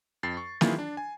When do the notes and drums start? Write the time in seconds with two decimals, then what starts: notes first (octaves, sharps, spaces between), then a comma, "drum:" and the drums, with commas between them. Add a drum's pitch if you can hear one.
0.23 F2 A6 C7
0.37 C#6
0.61 D#3 E3 F#3 E4 F4 G#4, drum: snare
0.79 D4
0.97 G#5